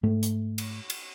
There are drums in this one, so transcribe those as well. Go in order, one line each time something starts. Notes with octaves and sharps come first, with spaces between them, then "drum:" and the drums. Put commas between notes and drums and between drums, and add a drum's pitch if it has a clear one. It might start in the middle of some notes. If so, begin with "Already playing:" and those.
G#2 A3
drum: hi-hat
drum: cymbal
drum: cymbal